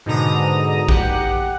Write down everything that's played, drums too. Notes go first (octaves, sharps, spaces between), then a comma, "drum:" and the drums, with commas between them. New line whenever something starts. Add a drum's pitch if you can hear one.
G#2 B2 D3 A#5 D#6
G4 F#5, drum: kick A#1